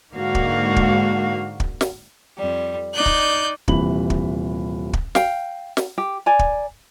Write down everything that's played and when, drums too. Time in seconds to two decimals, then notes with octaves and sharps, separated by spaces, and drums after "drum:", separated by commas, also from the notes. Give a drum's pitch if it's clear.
0.14 G#2 D3 A#3 F#4 F5
0.35 drum: kick
0.76 drum: kick
1.60 drum: kick
1.81 drum: snare
2.36 F2 G3
2.93 D#4 D5 F#6 G6
3.06 drum: kick
3.68 D#1 C3 E3 B5 F#7, drum: kick
4.10 drum: kick
4.93 drum: kick
5.15 F5 G5, drum: snare
5.77 drum: snare
5.98 G4
6.26 D5 G#5 A#5
6.39 drum: kick